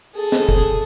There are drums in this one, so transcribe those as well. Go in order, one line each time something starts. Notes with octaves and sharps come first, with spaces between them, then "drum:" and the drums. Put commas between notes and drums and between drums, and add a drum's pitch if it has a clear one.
G#4 A4
drum: snare
drum: kick